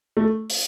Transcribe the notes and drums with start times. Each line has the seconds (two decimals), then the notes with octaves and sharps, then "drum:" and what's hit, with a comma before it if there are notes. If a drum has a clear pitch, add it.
0.17 A3
0.50 drum: open hi-hat